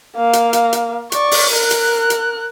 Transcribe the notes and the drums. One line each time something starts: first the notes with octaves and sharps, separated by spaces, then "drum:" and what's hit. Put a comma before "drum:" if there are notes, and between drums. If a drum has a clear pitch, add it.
A#3 F5
drum: hi-hat
drum: hi-hat
drum: hi-hat
D5 C#6, drum: hi-hat
drum: open hi-hat
A#4 F#6
drum: hi-hat
drum: hi-hat